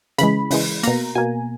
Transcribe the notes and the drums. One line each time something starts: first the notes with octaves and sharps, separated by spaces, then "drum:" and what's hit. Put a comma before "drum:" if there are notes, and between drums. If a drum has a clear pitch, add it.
C#3 E3 G#3 B5, drum: hi-hat
C#3 E3 G#3, drum: open hi-hat
B2 A#3 A#5, drum: hi-hat
B2 A#3 G#5